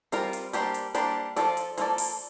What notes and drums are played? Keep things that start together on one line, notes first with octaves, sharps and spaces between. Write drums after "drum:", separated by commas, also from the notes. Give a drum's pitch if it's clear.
G3 C4 F4 A#4, drum: hi-hat
drum: hi-hat
G3 A#3 D4 G4 C5, drum: hi-hat
drum: hi-hat
G3 A#3 D4 G4 C5, drum: hi-hat
F3 A#3 F4 A4 D5, drum: hi-hat
drum: hi-hat
F3 A#3 F4 A4 D5, drum: hi-hat
drum: open hi-hat